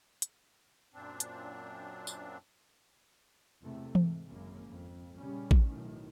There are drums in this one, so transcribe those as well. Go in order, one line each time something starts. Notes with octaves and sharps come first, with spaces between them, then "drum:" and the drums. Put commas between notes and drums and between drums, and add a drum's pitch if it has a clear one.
drum: hi-hat
F#2 A#2 C4 D4
drum: hi-hat
drum: tambourine
E2 C3 A3
G#2, drum: tom E3
G#1 F#2 C#3 A#3
F2
A#2 C#3 G3 C#4
drum: kick A1
B1 A2 D#3